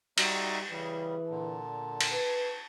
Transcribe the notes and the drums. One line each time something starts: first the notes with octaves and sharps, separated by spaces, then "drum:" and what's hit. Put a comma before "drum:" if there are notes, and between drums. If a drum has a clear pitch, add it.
G3 D#4 F#4 E5, drum: cymbal
C#3 E3 G3 G#4
A#2 D3 A5
drum: cymbal
B4